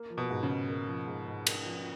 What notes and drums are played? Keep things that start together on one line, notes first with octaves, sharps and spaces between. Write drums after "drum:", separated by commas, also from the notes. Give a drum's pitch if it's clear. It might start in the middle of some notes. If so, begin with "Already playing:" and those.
Already playing: A#3
F3
B2
G#2
C#3
G#2
A#3
F3
G#2
G#2
A#3, drum: cymbal
F3